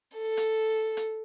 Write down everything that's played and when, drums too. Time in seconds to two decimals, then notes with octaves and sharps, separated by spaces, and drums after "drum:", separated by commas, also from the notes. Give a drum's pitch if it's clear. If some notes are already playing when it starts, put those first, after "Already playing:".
0.17 A4
0.37 drum: hi-hat
0.97 drum: hi-hat